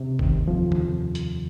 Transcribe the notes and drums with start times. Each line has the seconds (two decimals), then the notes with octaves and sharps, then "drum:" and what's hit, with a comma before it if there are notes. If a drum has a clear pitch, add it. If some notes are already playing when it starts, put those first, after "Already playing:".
Already playing: C3
0.19 D#2 D#3, drum: kick
0.47 F2 F3
0.72 drum: tom
1.15 drum: hi-hat